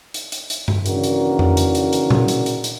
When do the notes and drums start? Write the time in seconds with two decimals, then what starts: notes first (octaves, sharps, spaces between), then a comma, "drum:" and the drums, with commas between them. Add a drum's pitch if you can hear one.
0.14 drum: hi-hat
0.32 drum: hi-hat
0.50 drum: hi-hat
0.68 drum: tom G2
0.86 D#2 C#3 E3 D4 F#4 A#4, drum: hi-hat
1.04 drum: hi-hat
1.39 drum: tom F2
1.57 drum: hi-hat
1.75 drum: hi-hat
1.93 drum: hi-hat
2.11 drum: tom A#2
2.28 drum: hi-hat
2.46 drum: hi-hat
2.64 drum: hi-hat